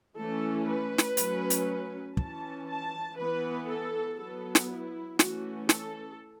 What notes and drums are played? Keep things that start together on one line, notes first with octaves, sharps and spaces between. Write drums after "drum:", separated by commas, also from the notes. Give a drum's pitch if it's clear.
E3 A3 C#4 A4
B4
drum: snare
F#3 A3 C#4, drum: hi-hat
drum: hi-hat
E3 C#4 A5, drum: kick
A5
E3 B3 B4
A4
F#3 B3 A4
drum: snare
E4
E3 A3 C#4 F#4, drum: snare
A4, drum: snare